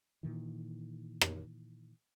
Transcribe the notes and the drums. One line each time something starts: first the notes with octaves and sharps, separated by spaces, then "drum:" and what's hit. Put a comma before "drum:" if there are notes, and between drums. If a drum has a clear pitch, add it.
A#2 D#3 E3
drum: rim click